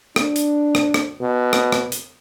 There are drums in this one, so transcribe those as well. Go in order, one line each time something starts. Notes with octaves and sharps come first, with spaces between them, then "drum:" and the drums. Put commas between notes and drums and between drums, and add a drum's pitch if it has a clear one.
D4, drum: rim click
drum: hi-hat
drum: rim click
drum: rim click
B2
drum: rim click
drum: rim click
drum: hi-hat